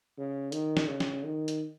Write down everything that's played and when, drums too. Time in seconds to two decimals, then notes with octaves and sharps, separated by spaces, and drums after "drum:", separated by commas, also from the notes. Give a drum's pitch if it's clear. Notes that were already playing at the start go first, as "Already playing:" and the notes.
0.18 C#3
0.52 D#3, drum: hi-hat
0.77 drum: snare
0.88 C#3
1.00 drum: snare
1.25 D#3
1.48 drum: hi-hat